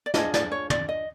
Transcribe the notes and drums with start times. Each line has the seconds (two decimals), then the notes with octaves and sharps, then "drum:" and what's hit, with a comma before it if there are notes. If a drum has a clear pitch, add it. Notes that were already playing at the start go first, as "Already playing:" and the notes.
0.06 D5
0.14 D4 F4 G#4 D#5, drum: snare
0.34 D5, drum: snare
0.52 C#5
0.70 D5, drum: tom
0.89 D#5